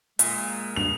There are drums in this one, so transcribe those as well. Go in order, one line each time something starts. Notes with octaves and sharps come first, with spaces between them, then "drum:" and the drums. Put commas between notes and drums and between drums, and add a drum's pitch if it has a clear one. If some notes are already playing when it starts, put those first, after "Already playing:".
A#2 G#3, drum: hi-hat
G2 F7